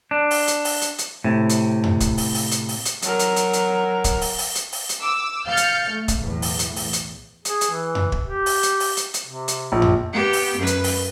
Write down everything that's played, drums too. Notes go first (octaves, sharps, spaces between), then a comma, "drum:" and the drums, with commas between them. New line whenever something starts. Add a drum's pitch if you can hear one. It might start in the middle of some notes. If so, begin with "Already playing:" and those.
D4
drum: open hi-hat
drum: hi-hat
drum: open hi-hat
drum: hi-hat
drum: hi-hat
A2 C3
drum: hi-hat
drum: tom F2
drum: kick, hi-hat
drum: open hi-hat
drum: open hi-hat
drum: hi-hat
drum: open hi-hat
drum: hi-hat
F#3 A#4, drum: hi-hat
drum: hi-hat
drum: hi-hat
drum: hi-hat
drum: kick, hi-hat
drum: open hi-hat
drum: open hi-hat
drum: hi-hat
drum: open hi-hat
drum: hi-hat
D6 E6
F5 F6 G6 A6 C#7
drum: hi-hat
A3
drum: kick, hi-hat
B1 E2 A2
drum: open hi-hat
drum: hi-hat
drum: open hi-hat
drum: hi-hat
G#4, drum: hi-hat
drum: hi-hat
E3
drum: tom F2
drum: kick
G4
drum: open hi-hat
drum: hi-hat
drum: open hi-hat
drum: hi-hat
drum: hi-hat
C3
drum: hi-hat
A#1
drum: tom F2
B3 G4
drum: open hi-hat
F#2 B4
drum: hi-hat
drum: open hi-hat